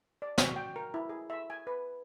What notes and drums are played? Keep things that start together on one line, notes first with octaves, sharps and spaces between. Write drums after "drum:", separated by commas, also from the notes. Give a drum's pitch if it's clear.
D5
F#4, drum: snare
G5
A#4
E4
G#4
E5
G#5
B4